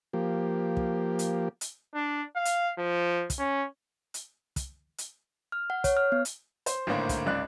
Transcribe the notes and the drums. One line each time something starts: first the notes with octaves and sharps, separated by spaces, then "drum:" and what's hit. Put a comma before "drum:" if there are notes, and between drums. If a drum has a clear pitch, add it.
F3 A#3 G4
drum: kick
drum: hi-hat
drum: hi-hat
D4
F5
drum: hi-hat
F3
drum: kick, hi-hat
C#4
drum: hi-hat
drum: kick, hi-hat
drum: hi-hat
F6
F#5
C#5, drum: kick, hi-hat
F6
B3
drum: hi-hat
C5, drum: hi-hat
G#1 A2 D3 A#3 C5
drum: kick, hi-hat
G#1 C#2 D5 F#6